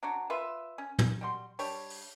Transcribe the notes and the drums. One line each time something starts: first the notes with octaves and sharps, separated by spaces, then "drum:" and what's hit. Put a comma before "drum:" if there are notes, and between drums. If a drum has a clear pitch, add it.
F#3 D4 F#4
F4 B4 E5
C#4
drum: tom
G3 F#4 C6
G3 D4 C#5, drum: open hi-hat
drum: open hi-hat